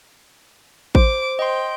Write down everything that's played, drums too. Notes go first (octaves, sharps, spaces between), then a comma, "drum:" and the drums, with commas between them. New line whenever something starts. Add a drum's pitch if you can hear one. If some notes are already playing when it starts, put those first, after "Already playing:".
C5 D6, drum: kick A1
D#5 G5 C6